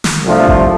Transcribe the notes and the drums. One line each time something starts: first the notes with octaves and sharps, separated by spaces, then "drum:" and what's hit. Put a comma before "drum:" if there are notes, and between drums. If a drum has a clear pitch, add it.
drum: snare
C2 C3 F3 A3 D4
drum: kick G#1